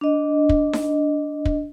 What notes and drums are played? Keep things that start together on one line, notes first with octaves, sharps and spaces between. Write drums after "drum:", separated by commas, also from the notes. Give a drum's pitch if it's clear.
D4 D#5
drum: kick
drum: snare D#4
drum: kick